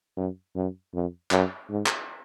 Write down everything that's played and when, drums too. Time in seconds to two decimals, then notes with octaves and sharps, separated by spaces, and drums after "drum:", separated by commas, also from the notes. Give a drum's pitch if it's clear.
0.17 F#2
0.56 F#2
0.94 F2
1.31 F#2, drum: clap
1.70 G#2
1.86 drum: clap